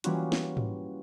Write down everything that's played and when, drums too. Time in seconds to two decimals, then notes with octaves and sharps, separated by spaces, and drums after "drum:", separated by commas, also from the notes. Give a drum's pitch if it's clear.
0.04 E3 G3 A#3 C#4 F4 F#4, drum: hi-hat
0.32 drum: snare
0.57 drum: tom G#2